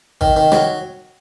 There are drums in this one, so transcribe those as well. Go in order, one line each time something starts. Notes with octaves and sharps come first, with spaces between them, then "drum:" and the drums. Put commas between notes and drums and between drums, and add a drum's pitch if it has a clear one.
D#3, drum: kick G#1
D#3
F#3, drum: rim click